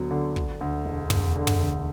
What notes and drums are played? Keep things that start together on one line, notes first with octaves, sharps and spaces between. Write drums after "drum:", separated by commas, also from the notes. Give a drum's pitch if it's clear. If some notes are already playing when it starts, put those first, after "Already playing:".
Already playing: D2 F#3 B3
D3
D3, drum: kick
D2
E1
E1, drum: tom
D3
drum: tom
D2